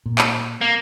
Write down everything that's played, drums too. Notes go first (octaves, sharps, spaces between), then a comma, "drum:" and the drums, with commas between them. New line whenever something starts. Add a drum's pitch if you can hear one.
A#2
drum: clap
A#3